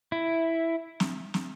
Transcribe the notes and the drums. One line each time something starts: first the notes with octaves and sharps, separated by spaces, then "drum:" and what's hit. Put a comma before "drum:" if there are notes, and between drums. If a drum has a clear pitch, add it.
E4
drum: snare
drum: snare